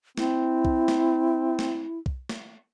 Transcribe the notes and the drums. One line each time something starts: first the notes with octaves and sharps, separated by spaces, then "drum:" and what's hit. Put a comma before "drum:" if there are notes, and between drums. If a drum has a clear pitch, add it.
C4 E4, drum: snare
drum: kick B1
drum: snare
drum: snare
drum: kick B1
drum: snare